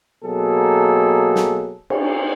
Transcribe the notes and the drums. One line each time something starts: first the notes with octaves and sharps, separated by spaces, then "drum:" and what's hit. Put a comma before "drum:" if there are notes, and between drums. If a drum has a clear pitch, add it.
B2 F#3 A#3 G#4 A4
drum: snare
drum: cymbal